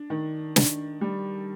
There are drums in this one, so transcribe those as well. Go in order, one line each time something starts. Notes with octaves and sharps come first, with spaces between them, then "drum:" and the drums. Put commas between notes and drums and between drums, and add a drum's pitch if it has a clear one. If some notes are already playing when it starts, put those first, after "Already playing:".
Already playing: D4
D#3
D4, drum: snare
G3